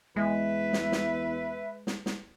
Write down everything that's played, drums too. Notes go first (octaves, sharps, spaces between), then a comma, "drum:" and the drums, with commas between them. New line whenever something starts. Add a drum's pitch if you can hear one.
E2 G#3 B4 E5
drum: snare
drum: snare
drum: snare
drum: snare